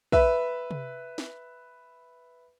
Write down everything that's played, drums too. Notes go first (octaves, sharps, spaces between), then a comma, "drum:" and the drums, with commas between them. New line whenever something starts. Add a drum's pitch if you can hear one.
B4 E5, drum: kick
drum: tom C3
drum: snare